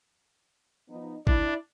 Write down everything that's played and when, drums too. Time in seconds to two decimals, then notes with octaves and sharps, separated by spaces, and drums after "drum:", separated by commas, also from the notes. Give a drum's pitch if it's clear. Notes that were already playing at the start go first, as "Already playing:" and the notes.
0.90 F3 B3 D#4
1.27 D4 E4, drum: kick